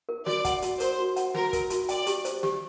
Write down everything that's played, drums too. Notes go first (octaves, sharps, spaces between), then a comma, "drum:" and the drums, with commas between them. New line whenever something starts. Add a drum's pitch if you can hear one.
A#4
F#4 D5, drum: snare
F#5, drum: kick, hi-hat
F#4, drum: hi-hat
A#4 C5, drum: hi-hat
F#4
F#5, drum: hi-hat
F#4 A#4, drum: snare
A#4, drum: kick, hi-hat
F#4, drum: hi-hat
D5 G5, drum: hi-hat
G4, drum: hi-hat
C5, drum: hi-hat
G4, drum: snare